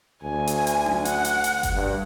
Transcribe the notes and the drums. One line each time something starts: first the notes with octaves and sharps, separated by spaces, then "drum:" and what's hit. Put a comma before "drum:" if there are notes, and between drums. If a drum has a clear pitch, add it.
D2 G#5
drum: hi-hat
drum: hi-hat
drum: tom C#4
F#5, drum: hi-hat
drum: hi-hat
drum: hi-hat
drum: kick F#1, hi-hat
G2